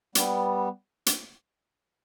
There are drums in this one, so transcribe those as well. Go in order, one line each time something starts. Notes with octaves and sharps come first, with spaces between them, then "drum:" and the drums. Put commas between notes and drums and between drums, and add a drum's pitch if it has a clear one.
G3 B3, drum: hi-hat
drum: hi-hat